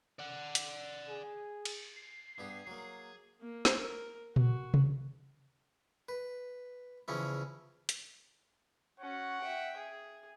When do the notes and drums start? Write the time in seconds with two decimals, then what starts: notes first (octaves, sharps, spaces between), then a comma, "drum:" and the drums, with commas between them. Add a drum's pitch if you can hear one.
0.19 D5 F#5
0.55 drum: hi-hat
1.09 G#4
1.65 drum: cymbal
1.96 C7
2.38 G2 B3 G4 G#4
2.67 F#3 A#3
3.40 A#3
3.65 drum: snare
3.75 A#4
4.36 F#4, drum: tom A#2
4.74 drum: tom C3
6.08 B4
7.08 E2 C#3 F3 C#4 E4
7.89 drum: hi-hat
9.00 C#4 F#4 F#5
9.42 E5 G5
9.77 G#4